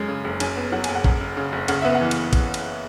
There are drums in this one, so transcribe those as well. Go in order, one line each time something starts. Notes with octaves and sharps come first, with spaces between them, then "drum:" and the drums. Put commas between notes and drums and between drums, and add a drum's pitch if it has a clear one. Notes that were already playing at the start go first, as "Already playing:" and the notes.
Already playing: F#2 G#3
C#3
F#1
F#2 G#5, drum: cymbal
B3
F#3 F#5
F#1 G#5, drum: cymbal
F#5
F#2, drum: kick
F#1
C#3
F#1
C#3 F#5, drum: cymbal
B3 E5
F#5
E3
drum: cymbal
drum: kick, cymbal
drum: cymbal